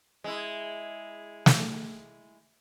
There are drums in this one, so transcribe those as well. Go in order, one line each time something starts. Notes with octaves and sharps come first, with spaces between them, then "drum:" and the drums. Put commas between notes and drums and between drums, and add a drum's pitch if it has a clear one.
G#3 E4
drum: snare